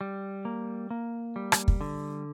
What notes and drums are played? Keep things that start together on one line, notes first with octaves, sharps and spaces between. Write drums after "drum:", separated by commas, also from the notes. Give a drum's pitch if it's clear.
G3
A#3
A#3
G3
drum: rim click
drum: kick
D3